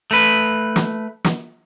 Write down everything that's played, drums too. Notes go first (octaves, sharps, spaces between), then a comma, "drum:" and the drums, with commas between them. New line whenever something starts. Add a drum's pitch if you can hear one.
A3 B4
drum: snare
drum: snare